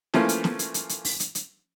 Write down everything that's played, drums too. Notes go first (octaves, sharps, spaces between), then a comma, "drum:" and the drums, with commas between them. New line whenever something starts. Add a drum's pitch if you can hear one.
E3 F3 A3 A#3 C#4, drum: snare
drum: hi-hat
drum: snare
drum: hi-hat
drum: hi-hat
drum: hi-hat
drum: open hi-hat
drum: hi-hat
drum: hi-hat